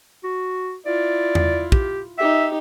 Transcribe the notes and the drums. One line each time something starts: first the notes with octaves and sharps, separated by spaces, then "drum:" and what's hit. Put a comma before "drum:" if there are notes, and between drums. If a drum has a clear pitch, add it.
F#4
E4 F4 D5
drum: tom E2
G4, drum: kick
D#4 G4 E5